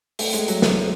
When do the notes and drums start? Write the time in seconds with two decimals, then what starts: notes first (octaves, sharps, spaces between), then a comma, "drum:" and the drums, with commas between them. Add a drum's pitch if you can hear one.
0.19 A3, drum: open hi-hat
0.33 G#3, drum: hi-hat
0.48 F#3, drum: hi-hat
0.62 drum: snare